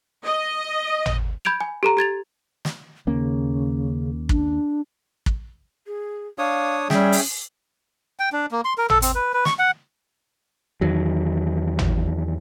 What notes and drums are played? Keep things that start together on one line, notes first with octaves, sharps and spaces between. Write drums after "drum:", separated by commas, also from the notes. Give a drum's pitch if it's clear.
D#5
drum: tom
B5 G6 G#6 D7 F7
G#5
G4 A4 A#5
G4 G#6 A6 F7
drum: snare
D#2 C#3 A#3 C#4
D4, drum: kick
drum: kick
G#4
D4 C#5 F5 D#6
G3 C#4 G#4 E5 G5, drum: snare
drum: open hi-hat
G5
D4
A#3
C6
A#4
A4, drum: tom
C4, drum: hi-hat
B4
B4
C#6, drum: snare
F#5
E2 D#3 F#3
drum: tom